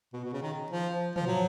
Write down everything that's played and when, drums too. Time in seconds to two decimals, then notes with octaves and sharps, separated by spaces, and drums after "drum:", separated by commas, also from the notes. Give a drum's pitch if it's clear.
0.13 B2
0.25 B2
0.33 C#3
0.42 D#3
0.71 F3
1.16 F3, drum: tom
1.27 F#3